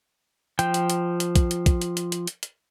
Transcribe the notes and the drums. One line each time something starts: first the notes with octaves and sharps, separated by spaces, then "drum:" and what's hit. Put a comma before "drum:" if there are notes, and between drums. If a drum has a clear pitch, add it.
F3 G5 G6, drum: hi-hat
drum: hi-hat
drum: hi-hat
drum: hi-hat
drum: kick, hi-hat
drum: hi-hat
drum: kick, hi-hat
drum: hi-hat
drum: hi-hat
drum: hi-hat
drum: hi-hat
drum: hi-hat